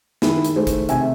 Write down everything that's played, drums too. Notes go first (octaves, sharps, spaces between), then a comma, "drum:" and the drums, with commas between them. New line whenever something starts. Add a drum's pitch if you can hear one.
D#3 E4 G#4, drum: snare
drum: hi-hat
A3 G#4 C5
drum: kick, hi-hat
C3 E5 G#5, drum: hi-hat